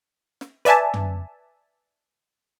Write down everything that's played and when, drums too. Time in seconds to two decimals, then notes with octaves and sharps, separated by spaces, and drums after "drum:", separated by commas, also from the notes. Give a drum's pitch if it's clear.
0.41 drum: snare
0.65 B4 D5 E5 G#5 A5, drum: hi-hat
0.94 drum: tom